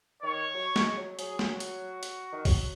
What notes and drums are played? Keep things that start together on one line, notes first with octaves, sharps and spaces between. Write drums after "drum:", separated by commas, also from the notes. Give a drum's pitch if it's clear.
D#3 C#5
F#3
G#3, drum: snare
F#3
F#3 G#4, drum: hi-hat
drum: snare
F#4
drum: hi-hat
drum: hi-hat
D#3
F#3, drum: kick, open hi-hat